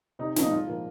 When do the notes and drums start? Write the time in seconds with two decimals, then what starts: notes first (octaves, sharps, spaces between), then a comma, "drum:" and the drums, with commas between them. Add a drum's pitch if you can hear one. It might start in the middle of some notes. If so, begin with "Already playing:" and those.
0.19 C3 D#4
0.36 F3 A#3 D#4, drum: snare
0.51 G#2 F4
0.67 F3 A#3